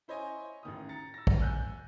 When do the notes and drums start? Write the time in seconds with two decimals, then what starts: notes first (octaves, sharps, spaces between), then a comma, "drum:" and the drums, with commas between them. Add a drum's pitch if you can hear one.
0.08 E4 C5 C#5 D#5 G#5
0.63 A1 D#3 D#6
0.89 A#5 A6 C#7
1.14 E6 A#6
1.27 drum: kick
1.39 G#5 E6 F#6 G6